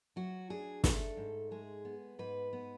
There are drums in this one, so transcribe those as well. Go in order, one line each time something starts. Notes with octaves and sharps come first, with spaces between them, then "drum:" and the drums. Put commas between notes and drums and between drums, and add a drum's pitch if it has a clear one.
F#3 F#4
D4 G#4
A3 A4, drum: snare
G#2
G#3 G#4
B3
G#2 B4
B3